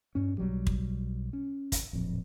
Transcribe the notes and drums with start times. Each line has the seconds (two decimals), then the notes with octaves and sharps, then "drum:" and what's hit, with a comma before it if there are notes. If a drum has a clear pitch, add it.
0.15 G2 C#4
0.38 B1 F#3 G3
0.67 drum: kick
1.33 C#4
1.72 drum: kick, hi-hat
1.93 D1 A#1 F2